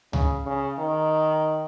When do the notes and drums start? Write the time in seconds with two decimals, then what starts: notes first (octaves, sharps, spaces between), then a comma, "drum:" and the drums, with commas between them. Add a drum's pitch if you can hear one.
0.13 C#3, drum: tom C#2
0.46 C#3
0.79 D#3